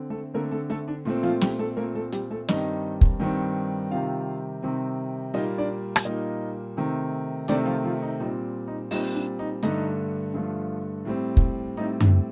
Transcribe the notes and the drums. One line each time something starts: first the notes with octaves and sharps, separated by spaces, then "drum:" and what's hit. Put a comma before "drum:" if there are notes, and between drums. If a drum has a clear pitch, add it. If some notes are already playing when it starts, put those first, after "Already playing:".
Already playing: D3 C4
A3 A4
D3 A3 A#3 C4 A#4
A3 A4
A3 A4
D4
A#2 A3 C4
F3 F4
G3 G4, drum: snare
A3 A4
A#2 A3 A#3 C4 A#4
A3 A4
G3 G4, drum: hi-hat
A3 A4
G2 D#3 G3 C4 D#4 D#5, drum: snare
drum: kick
G2 D#3 G3 C4
C3 D#3 G3 C4 F4 F5
C3 D#3 G3 C4
A#2 G3 A#3 D#4 D#5
D4 D5
drum: rim click
A#2 G3 A#3 D#4 D#5
C3 D#3 A3 C4
C3 D#3 A3 C4 D4 D5, drum: hi-hat
F3 F4
F3 F4
D#4
A#2 G3 C4 D#4
D#4
A#2 G3 C4 D#4, drum: open hi-hat
D4
D#4
G2 D3 A3 D#4, drum: hi-hat
G2 D3 F3 A3 F4
A2 G3 C4
drum: kick
A2 G3 C4 D#4
D4, drum: tom F#2